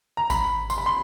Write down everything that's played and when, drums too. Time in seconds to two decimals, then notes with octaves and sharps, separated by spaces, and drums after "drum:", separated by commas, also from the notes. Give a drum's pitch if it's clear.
0.17 A#5
0.30 B5, drum: kick G#1, tambourine
0.70 C6, drum: tambourine
0.78 B5
0.86 C6